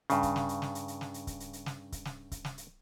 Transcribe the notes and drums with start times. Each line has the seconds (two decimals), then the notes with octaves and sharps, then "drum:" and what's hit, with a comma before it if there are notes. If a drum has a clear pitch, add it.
0.10 G2 C#3, drum: hi-hat
0.23 drum: kick C#1, hi-hat
0.36 drum: snare
0.49 drum: hi-hat
0.62 drum: snare
0.75 drum: hi-hat
0.88 drum: hi-hat
1.01 drum: snare
1.14 drum: hi-hat
1.27 drum: kick C#1, hi-hat
1.40 drum: hi-hat
1.53 drum: hi-hat
1.66 drum: snare
1.92 drum: kick C#1, hi-hat
2.05 drum: snare
2.32 drum: kick C#1, hi-hat
2.45 drum: snare
2.58 drum: hi-hat